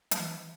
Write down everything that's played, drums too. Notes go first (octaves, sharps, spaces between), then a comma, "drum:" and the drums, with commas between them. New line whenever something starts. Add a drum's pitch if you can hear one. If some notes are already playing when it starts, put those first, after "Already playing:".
F#3, drum: hi-hat
E3